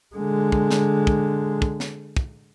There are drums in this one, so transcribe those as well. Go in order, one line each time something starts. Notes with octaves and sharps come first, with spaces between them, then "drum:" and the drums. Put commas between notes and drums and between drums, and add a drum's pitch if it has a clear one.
D3 G#3
drum: kick
drum: snare
drum: kick
drum: kick
drum: snare
drum: kick